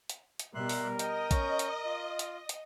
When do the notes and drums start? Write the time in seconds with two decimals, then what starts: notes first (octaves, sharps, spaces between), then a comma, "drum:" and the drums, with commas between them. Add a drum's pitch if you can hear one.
0.10 drum: hi-hat
0.39 drum: hi-hat
0.55 B2 G3 A#4 E5 C6 F#6
0.69 drum: open hi-hat
0.99 D#5 G5, drum: hi-hat
1.31 C#4 C#6 G6, drum: kick A#1, hi-hat
1.59 drum: hi-hat
1.85 F4
2.19 drum: hi-hat
2.49 drum: hi-hat